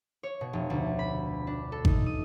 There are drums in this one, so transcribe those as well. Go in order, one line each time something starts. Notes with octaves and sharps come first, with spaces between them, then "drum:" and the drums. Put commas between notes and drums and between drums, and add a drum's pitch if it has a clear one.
C#5
B2
F1
D2
B5
D4
A4
D#4, drum: kick G#1
D#6